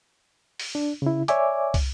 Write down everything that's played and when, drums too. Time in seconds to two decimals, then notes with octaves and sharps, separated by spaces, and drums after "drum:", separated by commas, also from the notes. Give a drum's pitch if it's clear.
0.60 drum: open hi-hat
0.75 D4
1.02 C#3 E4
1.28 C#5 D5 E5 G#5 D6, drum: hi-hat
1.74 drum: kick, open hi-hat